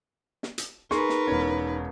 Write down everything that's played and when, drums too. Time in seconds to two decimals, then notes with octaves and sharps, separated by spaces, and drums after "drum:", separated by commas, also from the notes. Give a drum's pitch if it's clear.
0.43 drum: snare
0.58 drum: hi-hat
0.91 D#4 G#4 A#4 B4 C6 C#6, drum: snare
1.09 drum: snare
1.27 E1 C#4